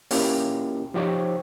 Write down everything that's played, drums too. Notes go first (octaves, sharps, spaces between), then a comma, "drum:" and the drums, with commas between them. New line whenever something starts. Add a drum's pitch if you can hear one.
A#3 C#4 E4 F4 G4, drum: open hi-hat
F3 D#4 G4 C5 C#5